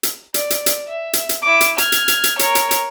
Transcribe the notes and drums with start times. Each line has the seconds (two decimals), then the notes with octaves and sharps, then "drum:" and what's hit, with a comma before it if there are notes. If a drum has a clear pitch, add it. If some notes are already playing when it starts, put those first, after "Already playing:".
0.03 drum: hi-hat
0.34 D5, drum: hi-hat
0.50 drum: hi-hat
0.66 drum: hi-hat
0.87 E5
1.13 drum: hi-hat
1.29 drum: hi-hat
1.42 E4 D6
1.61 drum: hi-hat
1.78 F6 G#6, drum: hi-hat
1.92 drum: hi-hat
2.08 drum: hi-hat
2.24 drum: hi-hat
2.39 A#4 C#5, drum: hi-hat
2.55 drum: hi-hat
2.71 drum: hi-hat